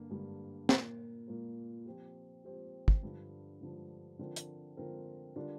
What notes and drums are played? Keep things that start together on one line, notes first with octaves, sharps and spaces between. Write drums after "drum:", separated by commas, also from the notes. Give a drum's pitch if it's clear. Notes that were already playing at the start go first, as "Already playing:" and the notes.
Already playing: G2 D3 G3 A#3
G2 D3 G3 A#3
A#2 A#3 F4 A#4, drum: snare
A#2 A#3 F4 A#4
F3 C4 G4
F3 C4 G4
drum: kick
G2 D3 F3
G2 D3 F3
D3 F3 C4 F4 A#4
drum: hi-hat
D3 F3 C4 F4 A#4
D3 G3 D4 F4 A#4